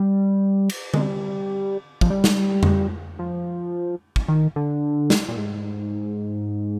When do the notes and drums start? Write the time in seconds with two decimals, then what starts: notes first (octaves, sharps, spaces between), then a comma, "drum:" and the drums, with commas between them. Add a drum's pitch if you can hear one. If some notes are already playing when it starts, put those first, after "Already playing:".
Already playing: G3
0.70 drum: cymbal
0.94 G#3, drum: tom D3
1.01 G3
2.01 F3, drum: kick
2.10 G3
2.24 drum: snare
2.63 drum: tom F2
3.19 F3
4.16 drum: kick
4.28 D#3
4.56 D3
5.10 drum: snare
5.28 A#2
5.37 G#2